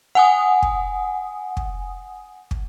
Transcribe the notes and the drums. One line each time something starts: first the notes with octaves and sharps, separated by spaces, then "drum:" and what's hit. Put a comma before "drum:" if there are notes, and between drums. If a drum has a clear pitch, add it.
F#5 G#5 D#6
drum: kick
drum: kick
drum: kick